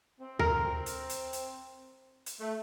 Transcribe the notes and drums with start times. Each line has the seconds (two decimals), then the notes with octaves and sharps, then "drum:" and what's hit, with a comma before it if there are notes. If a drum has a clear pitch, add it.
0.21 C4
0.39 A#4, drum: tom D2
0.86 drum: hi-hat
1.09 drum: hi-hat
1.33 drum: hi-hat
2.26 drum: hi-hat
2.40 A3